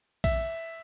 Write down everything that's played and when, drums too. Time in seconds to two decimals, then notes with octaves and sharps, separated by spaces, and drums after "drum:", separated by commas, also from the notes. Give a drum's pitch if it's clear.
0.24 E5, drum: kick A#1, cymbal